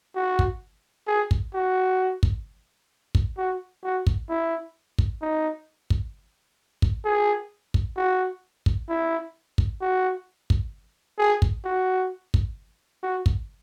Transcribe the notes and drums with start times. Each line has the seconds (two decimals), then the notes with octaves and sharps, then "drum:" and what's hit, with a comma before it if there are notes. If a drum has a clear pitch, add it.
0.16 F#4
0.39 drum: kick
1.08 G#4
1.31 drum: kick
1.54 F#4
2.23 drum: kick
3.15 drum: kick
3.38 F#4
3.84 F#4
4.07 drum: kick
4.29 E4
4.98 drum: kick
5.22 D#4
5.90 drum: kick
6.82 drum: kick
7.05 G#4
7.74 drum: kick
7.97 F#4
8.66 drum: kick
8.89 E4
9.58 drum: kick
9.81 F#4
10.50 drum: kick
11.19 G#4
11.42 drum: kick
11.65 F#4
12.34 drum: kick
13.03 F#4
13.26 drum: kick